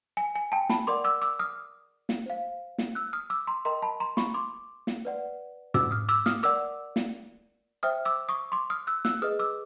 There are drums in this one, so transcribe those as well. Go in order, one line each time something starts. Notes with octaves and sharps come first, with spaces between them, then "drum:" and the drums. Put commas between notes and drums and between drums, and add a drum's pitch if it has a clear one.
G#5
G#5
G5 A5
A5 B5, drum: snare
A#4 D5 F#5 C6 D6
D6 E6
D6 E6
D#6 F6
drum: snare
C5 F5
drum: snare
E6 F#6
D#6 F6
D6 E6
A#5 C6
A#4 D#5 G5 A#5 C6
A5 B5
A#5 C6
B5 C#6, drum: snare
C6 D6
drum: snare
B4 D5 F#5
D6 E6, drum: tom
D#6 F6
D6 E6
D#6 F6, drum: snare
A#4 D5 F#5 D6 E6
drum: snare
C5 E5 G5 D#6 F6
D6 E6
C#6 D#6
C6 D6
D#6 F6
E6 F#6
E6 F#6, drum: snare
G#4 B4 D#5 D#6 F6
D6 E6